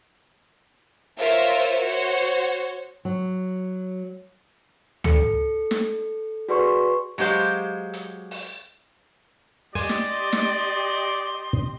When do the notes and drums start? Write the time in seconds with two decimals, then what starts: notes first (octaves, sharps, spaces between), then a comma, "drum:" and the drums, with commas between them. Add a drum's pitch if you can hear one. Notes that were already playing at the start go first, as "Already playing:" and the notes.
1.18 F4 A#4 C5 C#5 E5, drum: hi-hat
1.80 F#4 C5 C#5
3.05 F#3
5.04 A4 C#7, drum: tom C#2
5.71 drum: snare
6.49 F#4 G#4 B4 D5 C6 C#6
7.18 F#3 G#3 G4 C5 F5, drum: open hi-hat
7.93 drum: hi-hat
8.31 drum: open hi-hat
9.75 G4 D5 D#5 G#5 C6, drum: open hi-hat
9.89 drum: snare
10.33 drum: snare